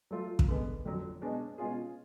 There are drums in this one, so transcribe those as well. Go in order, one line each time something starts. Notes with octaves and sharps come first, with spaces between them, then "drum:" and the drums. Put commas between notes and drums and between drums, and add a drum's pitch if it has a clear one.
F#3 A3 F4
drum: kick
D3 G#3 B3
F2 D3 F#3
B2 G#3 D4 G#4 C#5
B2 G#3 C#4 F4 G#4